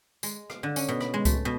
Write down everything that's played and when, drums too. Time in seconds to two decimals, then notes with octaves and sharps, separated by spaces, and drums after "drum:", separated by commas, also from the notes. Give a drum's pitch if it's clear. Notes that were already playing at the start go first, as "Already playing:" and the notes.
0.23 G#3, drum: tambourine
0.50 F5, drum: rim click
0.63 D3
0.76 C#4, drum: tambourine
0.88 B2
1.00 B5, drum: rim click
1.14 G#3
1.25 A3, drum: kick C#2, tambourine
1.45 B2